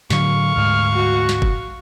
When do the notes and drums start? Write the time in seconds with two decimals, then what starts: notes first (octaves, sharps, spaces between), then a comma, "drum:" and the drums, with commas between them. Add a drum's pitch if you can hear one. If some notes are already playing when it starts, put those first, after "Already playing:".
0.10 A2 D3 F#3 F5 C#6, drum: snare
0.56 D2 G#2 F6
0.93 F#4
1.29 drum: snare
1.42 drum: kick F#1